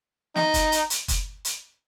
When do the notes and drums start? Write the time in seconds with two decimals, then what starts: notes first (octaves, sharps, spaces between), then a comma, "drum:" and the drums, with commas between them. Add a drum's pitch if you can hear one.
0.36 D#4, drum: snare
0.54 drum: kick F#1, hi-hat
0.72 drum: hi-hat
0.90 drum: hi-hat
1.08 drum: kick F#1, hi-hat
1.45 drum: hi-hat